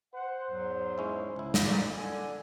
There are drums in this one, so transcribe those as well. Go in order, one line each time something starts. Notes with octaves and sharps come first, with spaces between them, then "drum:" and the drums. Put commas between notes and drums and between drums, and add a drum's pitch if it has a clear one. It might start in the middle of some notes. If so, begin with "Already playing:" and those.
C5 F#5
E2 G#2 F#3
G#3 C#4 E4
C#2 E4
drum: snare
A#2 D5 D#5
D3 G#5